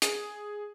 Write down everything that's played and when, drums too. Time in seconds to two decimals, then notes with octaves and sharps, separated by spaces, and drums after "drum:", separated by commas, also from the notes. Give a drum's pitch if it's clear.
0.02 G#4, drum: hi-hat